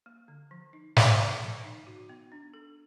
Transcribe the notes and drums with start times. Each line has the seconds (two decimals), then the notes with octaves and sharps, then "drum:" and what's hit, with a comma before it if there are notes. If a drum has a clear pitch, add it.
0.06 A#3
0.28 D3
0.51 F3
0.73 D#4
0.96 A#3, drum: snare
1.19 D3
1.41 F3
1.64 D#4
1.87 F#4
2.09 B3
2.32 D4
2.54 A4